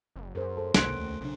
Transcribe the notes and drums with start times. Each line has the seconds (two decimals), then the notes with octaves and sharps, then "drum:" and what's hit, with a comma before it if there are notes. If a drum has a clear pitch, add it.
0.16 F#1
0.35 F#2 G#4 A#4 C5
0.57 A4 C5
0.74 G#1 C#2 C3 A#3 C6 F#6 D7, drum: snare
0.97 D#2 A3
1.21 B1 C#3 F#3 D4